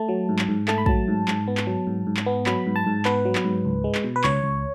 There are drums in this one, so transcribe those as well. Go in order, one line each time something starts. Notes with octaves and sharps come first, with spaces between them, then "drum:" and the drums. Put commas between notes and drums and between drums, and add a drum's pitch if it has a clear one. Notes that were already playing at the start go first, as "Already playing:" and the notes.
Already playing: A3 A5
F#3
G#2
drum: clap
G#2
A3 A5, drum: clap
B5
F#3 A5, drum: kick
G#2
G#2, drum: clap
B3
drum: clap
F#3
G#2
G#2
drum: clap
B3
F#3 B5, drum: clap
G#2
A5
G#2
B3 B4, drum: clap
F#3
drum: clap
G#2
C#2
G#3
drum: clap
B2
B4
C#2 C#5, drum: clap
C#2